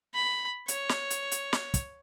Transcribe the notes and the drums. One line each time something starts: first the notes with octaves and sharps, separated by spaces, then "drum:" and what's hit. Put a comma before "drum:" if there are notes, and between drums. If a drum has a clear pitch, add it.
B5
C#5, drum: hi-hat
drum: snare
drum: hi-hat
drum: hi-hat
drum: snare
drum: kick, hi-hat